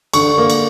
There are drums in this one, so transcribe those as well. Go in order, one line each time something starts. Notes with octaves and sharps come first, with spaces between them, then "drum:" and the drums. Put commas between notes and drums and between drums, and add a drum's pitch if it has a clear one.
D3 C#6, drum: cymbal
A#3
drum: cymbal